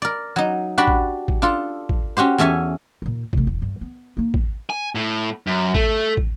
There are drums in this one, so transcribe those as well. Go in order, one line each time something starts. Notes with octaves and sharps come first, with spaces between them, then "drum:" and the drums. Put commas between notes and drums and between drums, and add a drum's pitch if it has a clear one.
A#4 D5
F#3 D#4
D4 F#4 G4 D5 B5
drum: kick
drum: kick
D4 F4 A4
drum: kick
C#4 F#4 G4 C5
E2 C#4 A4 E5 G#5
D#2 A#2
C3 A3, drum: kick
E1
G2
B3
A#3 D#4
drum: kick
G#5
A2
F#2
A3, drum: kick
drum: kick